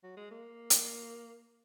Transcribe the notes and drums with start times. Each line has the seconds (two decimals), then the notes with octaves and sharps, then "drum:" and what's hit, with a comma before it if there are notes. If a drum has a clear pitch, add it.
0.03 F#3
0.17 G#3
0.31 A#3
0.70 drum: hi-hat